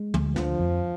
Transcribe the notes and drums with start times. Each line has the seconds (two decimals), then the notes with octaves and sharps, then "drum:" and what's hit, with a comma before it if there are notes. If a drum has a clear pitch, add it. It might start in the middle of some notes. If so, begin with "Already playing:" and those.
Already playing: G#3
0.14 D2, drum: tom
0.36 D3 F3, drum: snare
0.60 F2